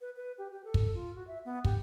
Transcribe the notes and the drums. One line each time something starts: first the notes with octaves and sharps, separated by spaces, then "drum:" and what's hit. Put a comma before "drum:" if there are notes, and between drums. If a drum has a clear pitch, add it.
B4
B4
G4
G4
A4
drum: kick
F4
F#4
E5
B3
G4, drum: kick